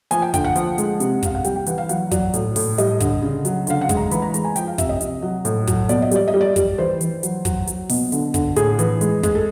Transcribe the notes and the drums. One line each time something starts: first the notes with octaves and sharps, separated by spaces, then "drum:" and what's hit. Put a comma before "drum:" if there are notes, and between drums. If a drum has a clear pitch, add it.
F3 G#5, drum: hi-hat
G5
D3 G5, drum: kick, hi-hat
F#5
F3, drum: hi-hat
G#3, drum: hi-hat
C3, drum: hi-hat
C3 F5, drum: kick, hi-hat
F#5
G3 G5, drum: hi-hat
G5
E3 F#5, drum: hi-hat
F5
F#3 F#5, drum: hi-hat
F#3 D5, drum: kick, hi-hat
A2, drum: hi-hat
A2, drum: open hi-hat
G3 D#5, drum: hi-hat
D3, drum: kick, hi-hat
C#3
F#3, drum: hi-hat
D3 F5, drum: hi-hat
F#5
G#3, drum: kick, hi-hat
A#5
E3 B5, drum: hi-hat
A#5
G#3 A#5, drum: hi-hat
G#5
F3 G5, drum: hi-hat
F5
C3 E5, drum: kick, hi-hat
D#5
C3, drum: hi-hat
F#3
A2, drum: hi-hat
F#3, drum: kick, hi-hat
B2 D5, drum: hi-hat
D#5
G3 D5, drum: hi-hat
D#5
G3
D5
G3, drum: kick, hi-hat
E3 C5
E3, drum: hi-hat
F#3, drum: hi-hat
F#3, drum: kick, hi-hat
F#3, drum: hi-hat
B2, drum: open hi-hat
D3, drum: hi-hat
D3, drum: kick, hi-hat
A2 G#4, drum: hi-hat
E3, drum: hi-hat
G#3, drum: hi-hat
G#3, drum: kick, hi-hat
A4